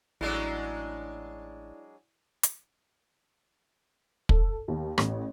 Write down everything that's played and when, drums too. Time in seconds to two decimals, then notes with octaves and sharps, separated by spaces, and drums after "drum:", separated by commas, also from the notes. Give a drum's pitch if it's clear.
0.21 A1 F#3 G#3 D4 E4 D5
2.43 drum: hi-hat
4.29 A4, drum: kick
4.68 D#2
4.98 A1, drum: rim click